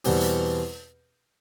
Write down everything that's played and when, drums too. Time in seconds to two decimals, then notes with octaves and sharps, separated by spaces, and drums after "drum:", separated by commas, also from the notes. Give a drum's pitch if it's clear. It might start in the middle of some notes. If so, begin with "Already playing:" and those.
0.04 E2 B2 G3 C4 G4, drum: open hi-hat
0.21 drum: hi-hat